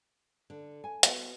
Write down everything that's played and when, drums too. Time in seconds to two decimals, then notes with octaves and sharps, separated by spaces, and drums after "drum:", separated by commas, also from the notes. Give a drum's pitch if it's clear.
0.50 D3
0.84 G#5
1.03 B3 F#4, drum: hi-hat